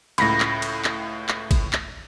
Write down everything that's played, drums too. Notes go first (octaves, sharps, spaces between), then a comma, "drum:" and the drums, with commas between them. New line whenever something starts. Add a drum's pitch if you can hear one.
C#2 A2 B5 A#6, drum: cymbal
drum: clap
drum: cymbal
drum: clap
drum: clap
drum: kick G1, cymbal
drum: clap